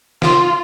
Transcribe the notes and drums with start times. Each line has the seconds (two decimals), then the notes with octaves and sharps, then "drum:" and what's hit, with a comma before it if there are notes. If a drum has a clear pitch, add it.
0.22 F4, drum: snare